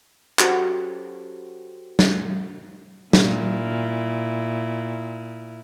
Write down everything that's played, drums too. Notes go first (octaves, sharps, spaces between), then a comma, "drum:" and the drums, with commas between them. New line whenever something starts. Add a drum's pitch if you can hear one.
F#3 C#4 F#4 G4 A4 C5, drum: clap
drum: snare
A#2 E4, drum: snare